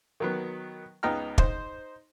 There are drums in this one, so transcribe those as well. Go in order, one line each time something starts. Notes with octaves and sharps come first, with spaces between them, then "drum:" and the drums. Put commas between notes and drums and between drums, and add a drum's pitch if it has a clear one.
D#3 F#3 B3
C#2 B3 D#4 G5 A#5 F6
D#4 C5, drum: kick